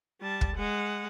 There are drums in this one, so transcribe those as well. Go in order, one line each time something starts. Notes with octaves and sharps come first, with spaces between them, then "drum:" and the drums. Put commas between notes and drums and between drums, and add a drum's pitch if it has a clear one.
G3 A5
drum: kick
G#3 F#5